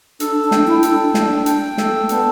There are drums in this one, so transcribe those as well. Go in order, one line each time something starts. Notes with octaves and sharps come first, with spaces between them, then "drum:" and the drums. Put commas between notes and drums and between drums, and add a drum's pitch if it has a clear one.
D4 A4, drum: hi-hat
D4
G5, drum: snare
E4
A4, drum: hi-hat
D4
D4 G5, drum: snare
G5, drum: hi-hat
A4, drum: snare
A3
B3 D4, drum: hi-hat